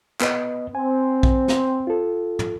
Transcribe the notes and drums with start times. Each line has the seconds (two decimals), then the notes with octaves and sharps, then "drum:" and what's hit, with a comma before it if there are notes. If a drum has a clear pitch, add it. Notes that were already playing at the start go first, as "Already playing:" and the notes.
0.21 B3 B4 D#5, drum: clap
0.75 C4 G#5
1.23 drum: kick
1.48 drum: snare
1.87 F4 A4
2.39 drum: tom